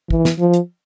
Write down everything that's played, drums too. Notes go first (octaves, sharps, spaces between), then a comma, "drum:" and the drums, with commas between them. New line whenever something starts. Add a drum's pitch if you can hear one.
E3, drum: kick
drum: snare
F3
drum: hi-hat